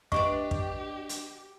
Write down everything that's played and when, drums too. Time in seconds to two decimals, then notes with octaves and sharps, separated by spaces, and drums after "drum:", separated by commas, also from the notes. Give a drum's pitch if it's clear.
0.12 D4 G4 B4 D5 D#5 C#6, drum: kick
0.51 drum: kick
1.09 drum: hi-hat